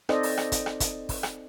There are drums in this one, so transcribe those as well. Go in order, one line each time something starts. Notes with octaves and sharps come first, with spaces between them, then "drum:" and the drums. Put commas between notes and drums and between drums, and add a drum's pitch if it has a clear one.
C4 D#4 A4 C5 D5 D#5, drum: rim click
drum: open hi-hat
drum: rim click
drum: kick, hi-hat
drum: rim click
drum: kick, hi-hat
drum: kick, open hi-hat
drum: rim click